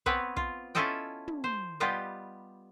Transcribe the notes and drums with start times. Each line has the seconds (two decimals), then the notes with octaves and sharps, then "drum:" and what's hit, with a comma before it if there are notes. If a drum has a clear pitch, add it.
0.06 B3 C4 B4 C#5, drum: kick
0.37 F4, drum: kick
0.75 C#4 E4 F4 A4 D#5 G5
1.28 drum: tom
1.44 C5
1.80 G3 B3 F4 G4 D#5